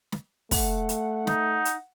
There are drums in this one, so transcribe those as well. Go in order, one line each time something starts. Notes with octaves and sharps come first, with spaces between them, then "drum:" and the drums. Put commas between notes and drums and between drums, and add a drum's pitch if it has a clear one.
drum: snare
A3 F#5, drum: kick, open hi-hat
drum: hi-hat
D#4, drum: snare
drum: hi-hat